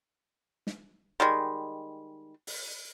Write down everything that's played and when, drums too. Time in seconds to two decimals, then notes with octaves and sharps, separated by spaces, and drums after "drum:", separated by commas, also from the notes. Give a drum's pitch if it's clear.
0.67 drum: snare
1.20 D#3 G3 G#3
2.47 drum: open hi-hat